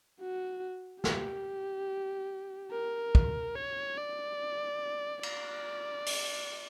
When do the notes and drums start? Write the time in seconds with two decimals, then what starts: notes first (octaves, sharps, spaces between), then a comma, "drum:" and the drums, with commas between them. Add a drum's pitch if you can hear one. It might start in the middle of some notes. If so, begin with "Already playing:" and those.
0.20 F#4
1.04 G4, drum: snare
2.72 A#4
3.15 drum: kick
3.55 C#5
3.98 D5
5.23 D5, drum: cymbal
6.06 drum: open hi-hat